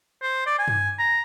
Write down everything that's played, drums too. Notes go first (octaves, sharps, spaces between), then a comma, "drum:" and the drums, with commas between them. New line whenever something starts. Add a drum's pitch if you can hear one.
C5
D5
G#5
drum: tom G2
A#5